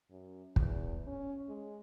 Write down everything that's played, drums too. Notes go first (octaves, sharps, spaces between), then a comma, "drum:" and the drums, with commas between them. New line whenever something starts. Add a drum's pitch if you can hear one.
F#2
E2, drum: kick
C#4
G#3